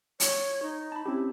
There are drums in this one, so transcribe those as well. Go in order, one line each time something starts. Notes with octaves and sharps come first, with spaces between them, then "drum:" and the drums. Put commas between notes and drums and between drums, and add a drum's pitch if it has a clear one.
C#5, drum: hi-hat
D#4
A5 B5
C4 C#4 E4 G4